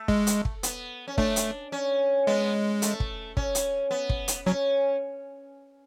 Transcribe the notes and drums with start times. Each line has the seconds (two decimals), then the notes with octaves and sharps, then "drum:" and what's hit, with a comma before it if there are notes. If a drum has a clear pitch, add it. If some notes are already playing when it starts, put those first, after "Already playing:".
Already playing: A3
0.08 G#3, drum: kick
0.27 drum: hi-hat
0.45 drum: kick
0.63 B3, drum: hi-hat
1.08 C#4
1.18 A3 D4, drum: kick
1.36 drum: hi-hat
1.72 C#4
2.27 G#3 B3
2.82 A3, drum: hi-hat
3.00 drum: kick
3.37 C#4, drum: kick
3.55 drum: hi-hat
3.91 B3
4.09 drum: kick
4.28 drum: hi-hat
4.46 F#3 C#4